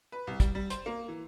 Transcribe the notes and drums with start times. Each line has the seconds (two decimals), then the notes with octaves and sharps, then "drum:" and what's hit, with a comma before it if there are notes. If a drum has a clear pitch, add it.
0.12 B4
0.27 C2
0.40 G3, drum: kick, hi-hat
0.55 G3
0.70 C5, drum: hi-hat
0.86 A#3
1.08 E3